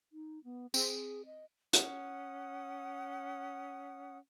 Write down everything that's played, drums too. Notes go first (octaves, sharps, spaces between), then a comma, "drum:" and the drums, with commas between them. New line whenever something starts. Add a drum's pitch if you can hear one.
D#4
B3
C4 G#4, drum: tambourine
D#5
C#4 F#5 D#6, drum: hi-hat